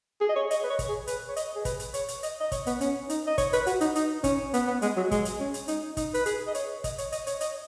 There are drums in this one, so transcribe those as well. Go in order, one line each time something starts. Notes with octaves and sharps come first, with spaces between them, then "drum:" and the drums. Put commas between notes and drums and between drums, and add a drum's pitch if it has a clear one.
G#4
D#5
C#5
D#5, drum: hi-hat
B4
C#5
drum: kick, hi-hat
G#4
B4, drum: hi-hat
C#5
D#5, drum: hi-hat
G#4
B4, drum: kick, hi-hat
drum: hi-hat
C#5, drum: hi-hat
drum: hi-hat
D#5, drum: hi-hat
D#5
C#5, drum: kick, hi-hat
B3, drum: hi-hat
C#4, drum: hi-hat
D#4, drum: hi-hat
D#5
C#5, drum: kick, hi-hat
B4, drum: hi-hat
F#4, drum: hi-hat
D#4, drum: hi-hat
D#4, drum: hi-hat
C#4, drum: kick, hi-hat
B3, drum: hi-hat
B3
G#3, drum: hi-hat
F#3
G#3, drum: kick, hi-hat
drum: hi-hat
C#4
drum: hi-hat
D#4, drum: hi-hat
D#4, drum: kick, hi-hat
B4, drum: hi-hat
G#4, drum: hi-hat
D#5
C#5, drum: hi-hat
D#5, drum: kick, hi-hat
C#5, drum: hi-hat
D#5, drum: hi-hat
C#5, drum: hi-hat
D#5, drum: hi-hat